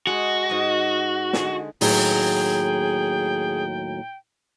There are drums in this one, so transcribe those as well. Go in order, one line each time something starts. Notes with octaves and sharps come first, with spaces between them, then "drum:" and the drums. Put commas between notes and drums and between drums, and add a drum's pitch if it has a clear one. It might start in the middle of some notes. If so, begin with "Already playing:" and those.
G#3 F#4
G#2 D#5
D3 G#3, drum: snare
D#2 A2 F#3 G#4 G5, drum: open hi-hat